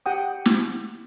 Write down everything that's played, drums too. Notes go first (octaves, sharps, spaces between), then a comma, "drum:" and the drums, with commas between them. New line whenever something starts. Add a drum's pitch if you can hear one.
G4 F#5 G5 D#6
drum: snare